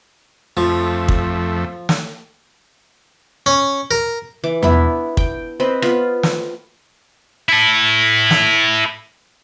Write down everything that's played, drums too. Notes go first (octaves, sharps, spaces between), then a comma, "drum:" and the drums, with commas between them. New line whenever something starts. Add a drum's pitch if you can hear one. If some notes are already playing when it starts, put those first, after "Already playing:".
F2 F3 A3
drum: kick
drum: snare
C#4
A#4
E3 D6
B3 D4 E4, drum: tom E2
G5, drum: kick
C4 B4 D#5
B3 F4 B4, drum: rim click
drum: snare
E4 A4
drum: snare